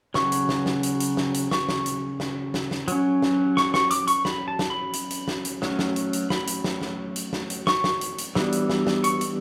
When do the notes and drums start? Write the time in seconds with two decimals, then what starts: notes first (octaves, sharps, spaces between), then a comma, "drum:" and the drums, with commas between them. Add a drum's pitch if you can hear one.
0.14 C#3 F#3 C#6, drum: snare
0.32 drum: hi-hat
0.49 drum: snare
0.66 drum: snare
0.83 drum: hi-hat
1.00 drum: hi-hat
1.17 drum: snare
1.34 drum: hi-hat
1.51 C#6, drum: snare
1.69 drum: snare
1.86 drum: hi-hat
2.20 drum: snare
2.54 drum: snare
2.71 drum: snare
2.88 F#3 C#4, drum: hi-hat
3.22 drum: snare
3.57 C#6, drum: snare
3.74 C#6, drum: snare
3.91 D6, drum: hi-hat
4.07 C#6, drum: hi-hat
4.25 B5, drum: snare
4.48 A5
4.59 drum: snare
4.70 B5
4.93 drum: hi-hat
5.11 drum: hi-hat
5.28 drum: snare
5.45 drum: hi-hat
5.62 F#3 A3 C#4, drum: snare
5.79 drum: snare
5.96 drum: hi-hat
6.13 drum: hi-hat
6.30 B5, drum: snare
6.47 drum: hi-hat
6.64 drum: snare
6.81 drum: snare
7.16 drum: hi-hat
7.33 drum: snare
7.50 drum: hi-hat
7.67 C#6, drum: snare
7.84 drum: snare
8.01 drum: hi-hat
8.18 drum: hi-hat
8.35 E3 G3 B3 D4, drum: snare
8.52 drum: hi-hat
8.70 drum: snare
8.87 drum: snare
9.04 C#6, drum: hi-hat
9.21 drum: hi-hat